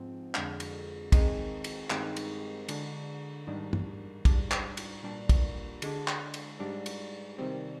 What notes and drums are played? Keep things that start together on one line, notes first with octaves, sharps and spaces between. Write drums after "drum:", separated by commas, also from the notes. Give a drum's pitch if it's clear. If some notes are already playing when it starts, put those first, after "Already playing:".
Already playing: G#2 F3 C4
F2 D3 G#3 D4, drum: clap
drum: cymbal
D#3 G#3 C4 D#4, drum: kick, cymbal
drum: cymbal
G2 D#3 G#3 C4 D#4, drum: clap
drum: cymbal
D3 G#3 D4, drum: cymbal
G#2 D#3 G3 D4
drum: tom
G#2 G3 D4, drum: kick, cymbal
drum: clap
drum: cymbal
A#2 G3 D4
drum: kick, cymbal
D3 G#3 D4, drum: cymbal
drum: clap
drum: cymbal
G#2 G3 D4
drum: cymbal
C3 D#3 G3 C4